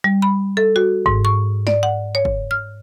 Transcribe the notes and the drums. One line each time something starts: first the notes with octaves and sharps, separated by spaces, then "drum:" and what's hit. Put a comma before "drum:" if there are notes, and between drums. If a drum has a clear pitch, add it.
G3
B5
A4
F#4
G#2, drum: kick
C#6
D5, drum: snare
F#5
C#5
drum: kick
F6